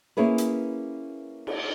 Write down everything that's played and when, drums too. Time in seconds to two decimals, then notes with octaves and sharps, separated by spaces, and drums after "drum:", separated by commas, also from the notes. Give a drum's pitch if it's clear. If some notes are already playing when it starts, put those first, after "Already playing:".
0.17 A#3 C#4 E4 G#4 B4
0.38 drum: hi-hat
1.47 drum: cymbal